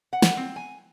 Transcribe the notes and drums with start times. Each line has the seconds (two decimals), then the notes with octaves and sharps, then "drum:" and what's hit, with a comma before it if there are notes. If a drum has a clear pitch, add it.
0.13 F#5
0.22 drum: snare
0.37 C4
0.56 G#5